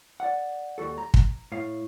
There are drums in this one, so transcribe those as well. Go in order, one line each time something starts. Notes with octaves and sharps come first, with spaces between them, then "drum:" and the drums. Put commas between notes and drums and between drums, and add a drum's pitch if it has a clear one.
D5 F#5
D#2 G3 F#4 A4
A#5
drum: kick
A2 F5